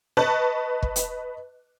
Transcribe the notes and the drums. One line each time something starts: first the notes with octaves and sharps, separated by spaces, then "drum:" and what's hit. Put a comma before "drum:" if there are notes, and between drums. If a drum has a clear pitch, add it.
B4 D#5 A5 C#6 F#6
drum: kick
drum: hi-hat